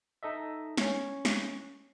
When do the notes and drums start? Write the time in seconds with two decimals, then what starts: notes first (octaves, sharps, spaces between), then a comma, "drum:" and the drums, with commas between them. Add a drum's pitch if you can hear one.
0.23 D#4 A4 D#5 E5
0.78 C#4 C#5 C#6, drum: snare
1.25 drum: snare